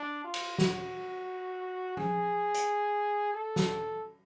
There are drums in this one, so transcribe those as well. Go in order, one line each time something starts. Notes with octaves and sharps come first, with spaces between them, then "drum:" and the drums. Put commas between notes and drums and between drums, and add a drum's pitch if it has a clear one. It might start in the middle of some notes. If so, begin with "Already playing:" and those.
Already playing: D4
F4
drum: cymbal
F#4, drum: snare
G#4, drum: tom
drum: hi-hat
A4
drum: snare